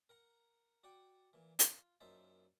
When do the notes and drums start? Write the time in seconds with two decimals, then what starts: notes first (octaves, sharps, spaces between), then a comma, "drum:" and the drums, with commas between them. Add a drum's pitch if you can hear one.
0.09 A#4 F#5 A#5
0.84 F#4 D5 F#5 G5
1.33 A#2 E3
1.59 F4, drum: hi-hat
2.00 F#2 A#2 D#4 C5 E5 A5